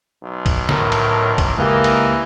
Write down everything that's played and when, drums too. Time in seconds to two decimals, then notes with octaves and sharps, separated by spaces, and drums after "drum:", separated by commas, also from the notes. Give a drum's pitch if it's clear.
0.23 B1
0.46 drum: kick B1, cymbal
0.69 A2 A#4, drum: snare
0.92 drum: cymbal
1.38 drum: kick B1, cymbal
1.58 C#2 E3 A#3 G4 A#4 D#5
1.84 drum: cymbal